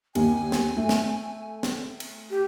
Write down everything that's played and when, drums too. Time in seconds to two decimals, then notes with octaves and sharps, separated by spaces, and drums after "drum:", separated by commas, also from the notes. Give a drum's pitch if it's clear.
0.15 D#2 G#5, drum: cymbal
0.52 drum: snare
0.77 A3
0.89 drum: snare
1.63 drum: snare
2.00 drum: cymbal
2.30 G4